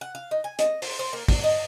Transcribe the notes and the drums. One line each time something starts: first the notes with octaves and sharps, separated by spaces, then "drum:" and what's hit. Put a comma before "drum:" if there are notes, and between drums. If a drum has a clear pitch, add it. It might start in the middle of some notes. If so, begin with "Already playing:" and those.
F#5
F5
D#4
G#5
D#5, drum: hi-hat
C5, drum: open hi-hat
C5
A#3
D4, drum: kick, open hi-hat
D#5